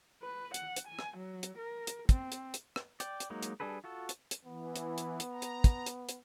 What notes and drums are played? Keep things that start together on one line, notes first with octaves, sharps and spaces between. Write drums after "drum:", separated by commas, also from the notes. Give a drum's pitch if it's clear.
B4
F#5, drum: hi-hat
drum: hi-hat
G#5
drum: rim click
F#3
drum: hi-hat
A#4
drum: hi-hat
C4, drum: kick, hi-hat
drum: hi-hat
drum: hi-hat
drum: rim click
D5 G5, drum: hi-hat
drum: hi-hat
F#3 G#3 A#3 D#4
drum: hi-hat
G3 D4 G#4 A4 B4
F4 F#4 A4
drum: hi-hat
drum: hi-hat
E3 B3
drum: hi-hat
drum: hi-hat
drum: hi-hat
A#5
drum: hi-hat
drum: kick, hi-hat
drum: hi-hat
drum: hi-hat